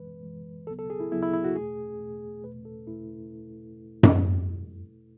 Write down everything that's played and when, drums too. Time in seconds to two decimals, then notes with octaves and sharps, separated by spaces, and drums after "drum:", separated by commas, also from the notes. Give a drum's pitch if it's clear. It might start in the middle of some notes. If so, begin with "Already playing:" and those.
Already playing: F#2 E3 G#3 B4
0.23 F#2 E3 G#3
0.67 D2 C#3 F#3 B3 A4
0.79 A4
0.90 G#4
1.00 E4
1.12 D2 C#3 F#3 B3 E4
1.23 E4
1.34 E4
1.44 F#4
1.56 E2 B2 A3 G#4
2.00 E2 B2 A3
2.44 E2 B2 A3 B4
2.65 A4
2.87 E2 B2 A3 E4
4.03 drum: tom F#2